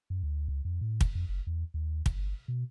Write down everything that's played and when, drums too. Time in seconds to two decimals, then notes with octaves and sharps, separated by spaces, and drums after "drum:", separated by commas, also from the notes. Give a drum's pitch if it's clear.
0.10 F#2
0.23 D2
0.48 C#2
0.65 F2
0.81 A2
1.01 drum: kick
1.15 F2
1.29 F#1
1.47 E2
1.74 D#2
2.06 G1, drum: kick
2.48 B2